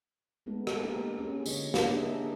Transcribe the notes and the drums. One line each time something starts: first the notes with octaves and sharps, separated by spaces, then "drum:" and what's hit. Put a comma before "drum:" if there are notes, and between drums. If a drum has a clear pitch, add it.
G#3 A3 B3 D#4 A4
drum: rim click
A#3 B3 D4 D#4 G4 A#4
C#4 G#4
D3 F4 C#5 D#5, drum: tambourine
G4, drum: snare
D4 D#4 G#4 D#5 E5